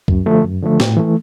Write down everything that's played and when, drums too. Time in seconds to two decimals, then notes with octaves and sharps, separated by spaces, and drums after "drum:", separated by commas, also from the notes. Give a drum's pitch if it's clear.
0.08 F#2, drum: kick C#2
0.26 D3 F3 A3
0.44 F#2
0.62 D3 F3 A3
0.80 A2, drum: snare
0.97 E3 A3